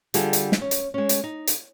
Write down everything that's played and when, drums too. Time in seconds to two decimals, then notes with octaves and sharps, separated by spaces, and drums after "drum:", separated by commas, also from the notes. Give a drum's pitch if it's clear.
0.14 D3 G3 D4 F4 G#4 A4, drum: hi-hat
0.33 drum: hi-hat
0.52 drum: snare
0.61 C#4
0.71 drum: hi-hat
0.94 G#3 C#4
1.09 drum: hi-hat
1.24 D#4
1.47 drum: hi-hat